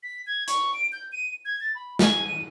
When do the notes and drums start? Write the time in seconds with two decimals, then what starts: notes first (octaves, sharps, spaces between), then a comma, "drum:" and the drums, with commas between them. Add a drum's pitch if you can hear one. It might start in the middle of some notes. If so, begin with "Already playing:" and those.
0.03 B6
0.27 G#6
0.48 C#6, drum: hi-hat
0.74 D7
0.92 G6
1.12 D#7
1.45 G#6
1.60 A6
1.75 B5
1.99 G#5, drum: snare
2.27 D#7